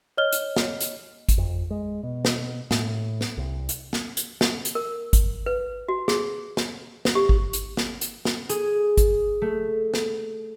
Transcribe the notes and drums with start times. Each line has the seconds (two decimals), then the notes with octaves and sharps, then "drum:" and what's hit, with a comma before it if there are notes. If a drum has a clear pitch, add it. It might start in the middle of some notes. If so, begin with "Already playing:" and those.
0.17 C#5 D#5 F6 G7
0.32 drum: hi-hat
0.56 drum: snare
0.81 drum: hi-hat
1.29 drum: kick G#1, hi-hat
1.38 F2
1.71 G#3
2.03 B2
2.25 drum: snare
2.71 A2, drum: snare
3.21 drum: snare
3.37 C2
3.69 drum: hi-hat
3.93 drum: snare
4.17 drum: hi-hat
4.41 drum: snare
4.65 drum: hi-hat
4.75 A#4
5.13 drum: kick G#1, hi-hat
5.46 B4
5.89 F#4
6.08 G#4, drum: snare
6.57 drum: snare
7.05 drum: snare
7.15 G4
7.29 drum: kick G#1
7.53 drum: hi-hat
7.77 drum: snare
8.01 drum: hi-hat
8.25 drum: snare
8.49 G#4, drum: hi-hat
8.97 drum: kick G#1, hi-hat
9.42 A3
9.94 drum: snare